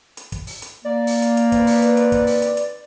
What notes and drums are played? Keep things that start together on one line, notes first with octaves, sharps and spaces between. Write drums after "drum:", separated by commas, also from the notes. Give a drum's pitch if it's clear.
drum: hi-hat
drum: kick, hi-hat
drum: open hi-hat
drum: hi-hat
A#3 D5
drum: open hi-hat
drum: hi-hat
drum: hi-hat
D#3 C4 B4, drum: kick, hi-hat
drum: open hi-hat
drum: hi-hat
drum: hi-hat
drum: kick, hi-hat
drum: open hi-hat
drum: hi-hat
drum: hi-hat